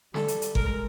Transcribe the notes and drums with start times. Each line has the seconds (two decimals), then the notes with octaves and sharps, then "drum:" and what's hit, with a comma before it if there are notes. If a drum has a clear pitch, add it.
0.14 G3 A4, drum: snare
0.28 drum: hi-hat
0.42 drum: hi-hat
0.55 G#3 A#4, drum: kick G1